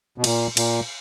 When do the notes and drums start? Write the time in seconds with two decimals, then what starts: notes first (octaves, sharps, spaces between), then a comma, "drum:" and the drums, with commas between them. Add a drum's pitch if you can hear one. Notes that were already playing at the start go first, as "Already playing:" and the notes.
0.18 B2
0.24 A#2, drum: cymbal
0.57 A#2, drum: cymbal